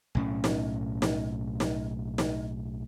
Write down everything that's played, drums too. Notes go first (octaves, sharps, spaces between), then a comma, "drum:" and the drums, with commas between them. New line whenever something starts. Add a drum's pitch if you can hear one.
B1 A2 C#4
drum: snare
drum: snare
drum: snare
drum: snare